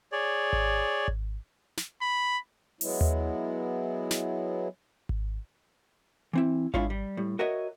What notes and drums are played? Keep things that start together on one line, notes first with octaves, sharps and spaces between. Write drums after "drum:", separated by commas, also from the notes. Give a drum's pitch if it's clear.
G#4 C#5 D5
drum: kick G#1
drum: kick G#1
drum: snare
B5
F#3 G#3 B3 E4, drum: open hi-hat
drum: tom D#2
drum: snare
drum: kick G#1
E3 C4 E4
G#3 D4 E4 F4 C#5 F5, drum: kick G#1
G3
A2 G3
F#4 A#4 C#5 D#5 E5